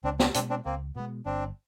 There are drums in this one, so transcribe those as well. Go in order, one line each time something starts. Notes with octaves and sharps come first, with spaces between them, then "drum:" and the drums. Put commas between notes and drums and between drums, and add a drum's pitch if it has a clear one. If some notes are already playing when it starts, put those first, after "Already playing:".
C#2 C4 D4
C4 D4, drum: snare
B2 G#3 C4 D4, drum: hi-hat
C4 D4
C#2 A#3 C4
B2 G#3 B3
G1 C4 D4